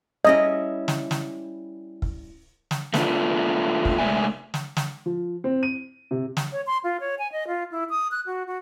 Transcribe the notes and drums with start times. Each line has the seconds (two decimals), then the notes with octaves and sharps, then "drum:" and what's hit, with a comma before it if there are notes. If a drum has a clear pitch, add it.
0.25 G3 C#4 E4 D#5
0.88 drum: snare
1.11 drum: snare
2.02 drum: kick
2.71 drum: snare
2.94 A3 B3 D4 F4, drum: snare
3.85 drum: kick
3.99 C3 G#3 A3 D5 E5 G#5
4.54 drum: snare
4.77 drum: snare
5.06 F3
5.44 C4
5.63 D#7
6.11 C3
6.37 drum: snare
6.52 C#5
6.67 C6
6.84 F4
7.00 C#5
7.19 G#5
7.32 D#5
7.48 F4
7.72 E4
7.90 D#6
8.11 F#6
8.26 F#4
8.47 F#4